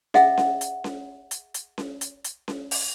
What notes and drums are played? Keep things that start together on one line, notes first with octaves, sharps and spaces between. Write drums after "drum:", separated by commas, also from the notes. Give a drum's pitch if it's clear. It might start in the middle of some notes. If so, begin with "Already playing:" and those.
G#4 D#5 E5 F#5, drum: snare C#4
drum: snare C#4
drum: hi-hat
drum: snare C#4
drum: hi-hat
drum: hi-hat
drum: snare C#4
drum: hi-hat
drum: hi-hat
drum: snare C#4
drum: open hi-hat